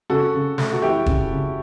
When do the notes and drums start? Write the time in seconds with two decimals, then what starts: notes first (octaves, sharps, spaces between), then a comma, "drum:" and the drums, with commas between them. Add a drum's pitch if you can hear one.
0.10 C#3 F#4 A4
0.35 C#3
0.58 A3, drum: snare
0.73 F#4
0.82 E3 E4 G4
1.06 C#3, drum: kick E1
1.32 C#3